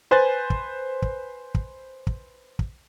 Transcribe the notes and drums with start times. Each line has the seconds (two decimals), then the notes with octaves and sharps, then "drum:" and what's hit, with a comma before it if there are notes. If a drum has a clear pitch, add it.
0.11 B4 C5 G#5 F#6 G6 A6
0.50 drum: kick
1.02 drum: kick
1.55 drum: kick
2.07 drum: kick
2.59 drum: kick